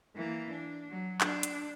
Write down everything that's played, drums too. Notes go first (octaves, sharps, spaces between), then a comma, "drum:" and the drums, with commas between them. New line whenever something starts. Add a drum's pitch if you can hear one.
E3 A#3
D4
F#3
D4, drum: clap
drum: hi-hat